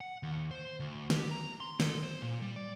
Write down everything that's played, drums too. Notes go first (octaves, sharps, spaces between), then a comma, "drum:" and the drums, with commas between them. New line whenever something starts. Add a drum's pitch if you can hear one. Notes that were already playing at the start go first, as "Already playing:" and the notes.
F#5
D#2
C5
D2
G4, drum: snare
A#5
C6
A4, drum: snare
C5
A#2
G3
D5